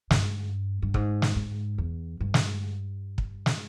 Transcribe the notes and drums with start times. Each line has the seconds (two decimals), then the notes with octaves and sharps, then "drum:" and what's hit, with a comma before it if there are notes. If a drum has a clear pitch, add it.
0.11 G2, drum: snare
0.82 G2
0.94 G#2, drum: kick
1.22 drum: snare
1.36 G#2
1.78 E2
2.20 G2
2.34 drum: snare
3.18 drum: kick
3.46 drum: snare